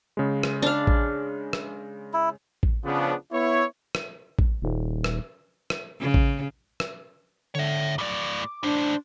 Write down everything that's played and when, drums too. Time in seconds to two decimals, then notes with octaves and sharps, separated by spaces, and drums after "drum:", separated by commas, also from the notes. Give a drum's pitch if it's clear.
0.17 C#3 G#3
0.43 drum: rim click
0.62 D4 F5
0.87 drum: kick A1
1.53 drum: rim click
2.13 E4
2.63 drum: kick A1
2.85 C#3 F3 B3 D4
3.32 B3 E4 C#5
3.95 drum: rim click
4.39 drum: kick A1
4.62 D#1
5.04 drum: rim click
5.70 drum: rim click
6.00 C#3
6.14 drum: kick A1
6.80 drum: rim click
7.55 D3 C#5 E5
7.98 A2 D5 D6
8.63 A2 D4 C5